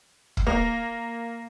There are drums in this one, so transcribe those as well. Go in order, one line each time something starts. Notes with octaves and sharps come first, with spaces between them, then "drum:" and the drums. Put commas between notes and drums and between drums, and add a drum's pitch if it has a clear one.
drum: kick
A#3